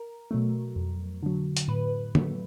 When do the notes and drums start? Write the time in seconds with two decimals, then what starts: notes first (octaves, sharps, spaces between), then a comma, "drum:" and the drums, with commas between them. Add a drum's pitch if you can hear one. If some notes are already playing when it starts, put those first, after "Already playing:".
Already playing: A#4
0.31 B2 F#3 A3
0.76 F2
1.23 D3 F#3
1.57 drum: hi-hat
1.68 A2 B4
2.15 F#3 A3, drum: tom D3